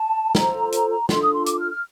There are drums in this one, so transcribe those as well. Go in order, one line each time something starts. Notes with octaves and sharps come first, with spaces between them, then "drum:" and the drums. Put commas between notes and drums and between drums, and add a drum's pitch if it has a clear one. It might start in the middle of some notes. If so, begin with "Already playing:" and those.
Already playing: A5
F4 A4 C5 A#5, drum: snare
A#5, drum: hi-hat
A#5
D4 F4 A4 C6, drum: snare
D#6
C6
D6, drum: hi-hat
F6
F6